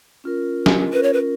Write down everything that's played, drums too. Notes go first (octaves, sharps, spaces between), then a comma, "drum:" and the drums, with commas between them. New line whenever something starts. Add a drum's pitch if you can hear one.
C#4 F4 A#4
drum: snare
C#4 F4 A#4 B4
C#5
B4